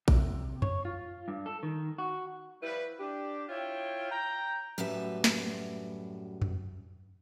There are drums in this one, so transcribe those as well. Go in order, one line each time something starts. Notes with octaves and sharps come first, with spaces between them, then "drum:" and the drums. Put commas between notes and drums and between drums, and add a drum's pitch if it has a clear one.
C3, drum: kick A1
C#5, drum: tom F2
F4
G2
A4
D#3
F#4
F3 G3 E4 B4
D4 G4
E4 F4 C#5 G5
G5 A#5
F#2 A2 F#3 G3 B4 E5
drum: snare
drum: tom F2